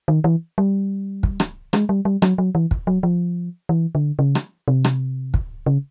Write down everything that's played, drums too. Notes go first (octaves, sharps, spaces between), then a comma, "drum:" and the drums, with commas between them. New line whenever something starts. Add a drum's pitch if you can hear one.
D#3
E3
G3
drum: kick
drum: rim click
G#3, drum: rim click
G3
G3
F#3, drum: rim click
F#3
E3
drum: kick
F#3
F3
E3
D3
C#3
drum: rim click
C3
drum: rim click
drum: kick
C#3